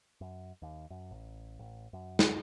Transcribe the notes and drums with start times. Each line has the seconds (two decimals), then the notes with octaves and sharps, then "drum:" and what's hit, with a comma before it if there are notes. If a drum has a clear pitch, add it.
0.21 F#2
0.62 D#2
0.90 F#2
1.11 A1
1.59 A1
1.93 F#2
2.19 drum: snare